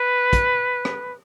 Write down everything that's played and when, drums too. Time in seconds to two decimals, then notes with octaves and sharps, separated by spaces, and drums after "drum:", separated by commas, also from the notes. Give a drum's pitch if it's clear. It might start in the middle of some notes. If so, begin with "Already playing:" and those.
Already playing: B4
0.33 drum: kick, hi-hat
0.85 drum: rim click